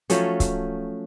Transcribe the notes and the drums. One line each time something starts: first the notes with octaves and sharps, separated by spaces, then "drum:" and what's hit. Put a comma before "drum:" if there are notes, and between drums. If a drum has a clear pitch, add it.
F3 F#3 A3 C#4, drum: hi-hat
drum: kick C#1, hi-hat